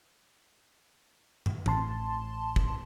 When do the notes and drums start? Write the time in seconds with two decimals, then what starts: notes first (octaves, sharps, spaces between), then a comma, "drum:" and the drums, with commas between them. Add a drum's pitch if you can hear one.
1.46 drum: tom
1.66 A1 A2 A5 C6, drum: tom E3
2.56 drum: kick